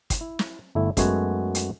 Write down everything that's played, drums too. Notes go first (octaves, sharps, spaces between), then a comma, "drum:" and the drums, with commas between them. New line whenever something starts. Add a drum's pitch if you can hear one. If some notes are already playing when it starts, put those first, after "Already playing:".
drum: kick, hi-hat
E4
drum: snare
G1 A3 E4
F#2 G#3 A3 B3 F#4 G#5, drum: kick, hi-hat
drum: hi-hat